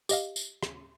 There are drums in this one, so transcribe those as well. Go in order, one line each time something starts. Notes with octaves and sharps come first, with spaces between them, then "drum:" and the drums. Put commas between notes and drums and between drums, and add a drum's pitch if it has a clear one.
G4 D#5 F5, drum: tambourine
drum: tambourine
drum: rim click